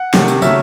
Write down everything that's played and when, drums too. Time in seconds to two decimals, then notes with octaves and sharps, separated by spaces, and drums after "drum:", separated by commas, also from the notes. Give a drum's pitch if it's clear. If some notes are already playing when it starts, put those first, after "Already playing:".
Already playing: F#5
0.14 C3 D#3 A3, drum: snare
0.28 drum: tambourine
0.42 C#3 F#3 A3 E5, drum: tambourine